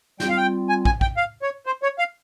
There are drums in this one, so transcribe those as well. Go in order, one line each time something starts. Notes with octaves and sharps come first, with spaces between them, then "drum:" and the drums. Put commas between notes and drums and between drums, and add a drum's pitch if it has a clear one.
G3 C4 F4 G5, drum: snare
F5
G5
G#5
G#5, drum: kick
G5, drum: kick
F5
C#5
C5
C#5
F5